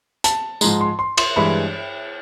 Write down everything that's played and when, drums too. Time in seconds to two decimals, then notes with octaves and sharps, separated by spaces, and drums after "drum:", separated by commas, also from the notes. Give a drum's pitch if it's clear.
0.24 A5, drum: hi-hat
0.61 G#2 F3 G#3 A#5, drum: tambourine
0.81 C6
0.99 C6
1.17 C6, drum: cymbal
1.36 G2 E3 G#3 B5